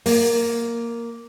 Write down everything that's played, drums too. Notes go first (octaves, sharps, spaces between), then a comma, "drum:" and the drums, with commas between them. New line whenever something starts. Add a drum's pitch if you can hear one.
A#3, drum: open hi-hat